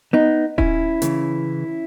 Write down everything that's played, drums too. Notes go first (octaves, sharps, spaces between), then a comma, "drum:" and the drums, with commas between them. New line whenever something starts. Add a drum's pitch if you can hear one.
B3 D#4
C#4 E4, drum: kick D#1
C#3 E3, drum: hi-hat